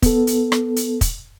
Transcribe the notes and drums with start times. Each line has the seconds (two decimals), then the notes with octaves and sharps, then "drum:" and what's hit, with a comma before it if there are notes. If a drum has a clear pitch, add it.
0.02 B3 A4, drum: kick, hi-hat
0.27 drum: hi-hat
0.52 drum: rim click
0.76 drum: hi-hat
1.01 drum: kick, hi-hat